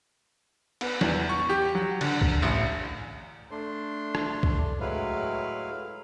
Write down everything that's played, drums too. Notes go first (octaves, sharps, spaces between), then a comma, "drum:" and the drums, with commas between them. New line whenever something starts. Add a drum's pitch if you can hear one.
B3, drum: cymbal
E2, drum: snare
C#6
G4
F#3
D3, drum: cymbal
drum: kick C2
A1, drum: tambourine
A3 D4 C6
drum: rim click
drum: kick C2
A2 F#3 G#3 E4 B4 F5